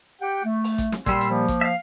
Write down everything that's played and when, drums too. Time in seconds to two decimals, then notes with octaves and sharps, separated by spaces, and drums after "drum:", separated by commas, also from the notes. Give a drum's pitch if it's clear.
0.21 G4 F#5 G5
0.44 A3
0.64 drum: open hi-hat
0.78 drum: kick A1, hi-hat
0.92 drum: snare
1.06 A#2 G3 C6 E6, drum: kick A1, hi-hat
1.20 drum: hi-hat
1.30 F3 A#3
1.48 drum: kick A1, hi-hat
1.61 E5 F5